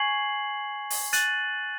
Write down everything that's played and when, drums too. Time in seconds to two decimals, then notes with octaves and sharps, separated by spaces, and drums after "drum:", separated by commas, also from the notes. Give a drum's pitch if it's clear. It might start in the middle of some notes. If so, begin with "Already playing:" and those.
Already playing: G#5 C#6 G#6 C7 F#7
0.90 drum: open hi-hat
1.13 F#6 A6 D#7 F#7, drum: hi-hat